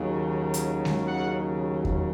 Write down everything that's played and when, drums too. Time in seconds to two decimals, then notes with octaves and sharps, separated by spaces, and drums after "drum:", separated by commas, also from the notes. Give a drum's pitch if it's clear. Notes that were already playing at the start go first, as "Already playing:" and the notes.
Already playing: D#2 C#3 F#3
0.54 drum: hi-hat
0.85 drum: snare G#3
1.07 F#5
1.85 drum: kick E2